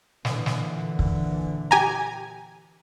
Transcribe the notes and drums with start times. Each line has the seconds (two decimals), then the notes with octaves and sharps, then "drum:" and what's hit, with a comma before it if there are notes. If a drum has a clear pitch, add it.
0.25 A#2 D3 E3, drum: snare
0.46 drum: snare
0.99 drum: kick
1.71 G4 G#5 A#5